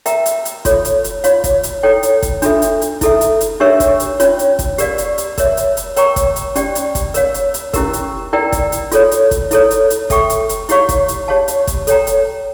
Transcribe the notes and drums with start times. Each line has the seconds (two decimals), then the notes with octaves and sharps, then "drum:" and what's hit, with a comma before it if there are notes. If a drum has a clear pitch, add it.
0.06 A#4 E5 G5 A#5, drum: hi-hat
0.26 drum: hi-hat
0.45 drum: hi-hat
0.65 F4 A4 C#5, drum: kick, hi-hat
0.85 drum: hi-hat
1.04 drum: hi-hat
1.24 F4 C#5 F5, drum: hi-hat
1.44 drum: kick, hi-hat
1.63 drum: hi-hat
1.83 E4 A4 C#5 G5
2.03 drum: hi-hat
2.22 drum: kick, hi-hat
2.42 D4 F4 A4 E5, drum: hi-hat
2.62 drum: hi-hat
2.82 drum: hi-hat
3.01 E4 A4 E5, drum: kick, hi-hat
3.21 drum: hi-hat
3.41 drum: hi-hat
3.60 D4 G4 A#4 C#5 E5
3.80 drum: kick, hi-hat
4.00 drum: hi-hat
4.20 C#4 F4 C#5, drum: hi-hat
4.39 drum: hi-hat
4.59 drum: kick, hi-hat
4.78 G4 A#4 D5 F5, drum: hi-hat
4.98 drum: hi-hat
5.18 drum: hi-hat
5.38 A#4 C#5 E5, drum: kick, hi-hat
5.57 drum: hi-hat
5.77 drum: hi-hat
5.96 A#4 C#5 G5 A#5 C#6, drum: hi-hat
6.16 drum: kick, hi-hat
6.36 drum: hi-hat
6.55 C#4 G4 D5 G5, drum: hi-hat
6.75 drum: hi-hat
6.95 drum: kick, hi-hat
7.14 A#4 C#5 F5, drum: hi-hat
7.34 drum: hi-hat
7.54 drum: hi-hat
7.74 C#4 E4 G4 A#4, drum: kick, hi-hat
7.93 drum: hi-hat
8.33 E4 A#4 D5 G5
8.52 drum: kick, hi-hat
8.72 drum: hi-hat
8.92 F4 A4 C#5, drum: hi-hat
9.11 drum: hi-hat
9.31 drum: kick, hi-hat
9.51 E4 A4 C#5, drum: hi-hat
9.71 drum: hi-hat
9.90 drum: hi-hat
10.10 A4 E5 G5 C#6, drum: kick, hi-hat
10.30 drum: hi-hat
10.49 drum: hi-hat
10.69 E4 G4 C#5 F5 C#6, drum: hi-hat
10.89 drum: kick, hi-hat
11.08 drum: hi-hat
11.28 G4 C#5 F5 A5
11.48 drum: hi-hat
11.67 drum: kick, hi-hat
11.87 A4 C#5 G5 A#5, drum: hi-hat
12.07 drum: hi-hat